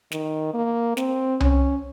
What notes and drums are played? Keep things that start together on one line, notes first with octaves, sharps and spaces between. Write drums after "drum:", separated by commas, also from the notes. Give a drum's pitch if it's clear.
D#3, drum: snare
A#3
C4, drum: snare
C#4, drum: tom C2